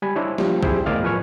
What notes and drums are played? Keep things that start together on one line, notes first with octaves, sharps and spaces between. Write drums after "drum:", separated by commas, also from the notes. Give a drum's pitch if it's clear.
G3 G#5 B5
D4 E4 C5 C#5
F3 G3, drum: snare
C4 E4 G4 G#4 C5, drum: kick
E2 A2 A#4 D5 D#5 F5
F3 B4 G#5 C#6 F6